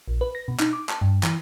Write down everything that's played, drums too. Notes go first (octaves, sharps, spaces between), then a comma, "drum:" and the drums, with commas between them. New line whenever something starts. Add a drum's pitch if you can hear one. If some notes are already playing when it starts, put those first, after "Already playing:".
A#1
B4
A#6
B2
D#4, drum: clap
D6
A5, drum: clap
G2
E3, drum: clap